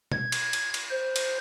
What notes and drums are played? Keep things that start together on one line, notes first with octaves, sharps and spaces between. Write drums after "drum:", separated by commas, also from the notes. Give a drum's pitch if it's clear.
G#6, drum: tom B2
drum: cymbal
drum: cymbal
drum: cymbal
C5
drum: cymbal